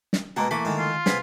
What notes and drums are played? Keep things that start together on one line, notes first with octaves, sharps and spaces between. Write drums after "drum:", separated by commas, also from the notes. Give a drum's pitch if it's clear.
drum: snare
B2 G#3 A#3 F#4 A5
E3 A3 A#3 B5
D3 D#3 G#3
F4
C3 B3 G#4 B5, drum: snare